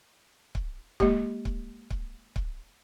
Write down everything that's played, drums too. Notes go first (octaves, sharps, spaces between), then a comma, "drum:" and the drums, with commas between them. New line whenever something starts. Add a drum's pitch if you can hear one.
drum: kick C#1
G#3 A#3 G4, drum: kick C#1
drum: kick C#1
drum: kick C#1
drum: kick C#1